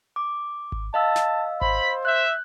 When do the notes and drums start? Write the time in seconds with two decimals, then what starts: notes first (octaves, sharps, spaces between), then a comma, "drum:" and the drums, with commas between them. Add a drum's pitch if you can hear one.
0.16 D6
0.72 drum: kick G#1
0.94 D#5 F5 A5 E6
1.16 drum: snare
1.61 C5 B5, drum: kick G#1
2.05 E5 F#6 G6